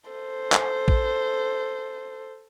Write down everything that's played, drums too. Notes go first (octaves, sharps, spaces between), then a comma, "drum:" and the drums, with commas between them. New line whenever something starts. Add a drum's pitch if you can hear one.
A4 C5
drum: clap
drum: kick